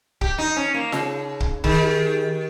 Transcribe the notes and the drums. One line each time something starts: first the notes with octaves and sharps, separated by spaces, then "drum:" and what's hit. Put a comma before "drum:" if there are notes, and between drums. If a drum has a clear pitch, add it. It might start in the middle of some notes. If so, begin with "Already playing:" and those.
G4, drum: kick
D#4
C#4
A#3
C#3, drum: snare F4
drum: kick
D#3 G#4, drum: kick
G4
G#4
G4